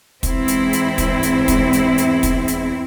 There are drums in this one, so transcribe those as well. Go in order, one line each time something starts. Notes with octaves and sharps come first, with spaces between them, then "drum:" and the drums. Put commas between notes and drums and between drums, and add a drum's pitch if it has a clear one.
E2 G#2 C4 E4, drum: kick, hi-hat
drum: hi-hat
drum: hi-hat
drum: kick, hi-hat
drum: hi-hat
drum: kick, hi-hat
drum: hi-hat
drum: hi-hat
drum: kick, hi-hat
drum: hi-hat